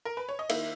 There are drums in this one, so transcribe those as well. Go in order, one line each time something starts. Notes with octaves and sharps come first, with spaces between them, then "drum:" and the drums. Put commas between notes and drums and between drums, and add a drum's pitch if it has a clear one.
A#4
B4
C#5
D#5
D#3 A#3 E4 E5, drum: cymbal